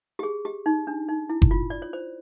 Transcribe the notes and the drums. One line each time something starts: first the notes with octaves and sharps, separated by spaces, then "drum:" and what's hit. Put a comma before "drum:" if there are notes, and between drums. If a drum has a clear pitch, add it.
G4
G#4
G4
D#4
D4
D#4
E4
drum: kick F#1
F4
D5
C#5
C5